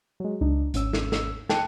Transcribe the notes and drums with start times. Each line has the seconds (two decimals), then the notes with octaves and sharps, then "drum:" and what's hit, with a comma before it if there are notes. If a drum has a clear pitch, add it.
0.20 F#3 G#3
0.41 C#2 D4 D#4
0.74 G#1 C#4 E6, drum: hi-hat
0.93 drum: snare
1.12 drum: snare
1.49 G5 A5 F#6 C#7 D#7, drum: snare